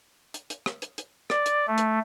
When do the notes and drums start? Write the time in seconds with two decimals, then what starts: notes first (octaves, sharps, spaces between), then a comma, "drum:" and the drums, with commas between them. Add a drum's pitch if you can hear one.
0.34 drum: hi-hat
0.50 drum: hi-hat
0.66 drum: rim click
0.82 drum: hi-hat
0.98 drum: hi-hat
1.30 D5, drum: rim click
1.46 drum: hi-hat
1.68 A3
1.78 drum: hi-hat